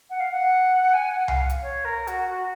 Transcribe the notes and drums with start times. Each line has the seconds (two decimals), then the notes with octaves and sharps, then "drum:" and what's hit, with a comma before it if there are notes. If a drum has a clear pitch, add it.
0.10 F#5
0.20 F5
0.32 F#5
0.94 G#5
1.11 F#5
1.28 F5, drum: tom C2
1.49 drum: hi-hat
1.62 C#5
1.85 A#4
2.07 F#4, drum: hi-hat
2.29 F#4